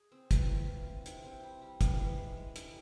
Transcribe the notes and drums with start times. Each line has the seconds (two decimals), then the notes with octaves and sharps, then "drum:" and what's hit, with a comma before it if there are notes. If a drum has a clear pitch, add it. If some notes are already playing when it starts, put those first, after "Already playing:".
Already playing: G#4
0.12 C4
0.31 E3, drum: kick, hi-hat
0.49 E3
0.68 F4
0.87 C4
1.06 C3, drum: hi-hat
1.25 C4
1.43 G3
1.62 G3
1.81 E3, drum: kick, hi-hat
2.00 E3
2.18 G#3
2.37 G#3
2.56 G3, drum: hi-hat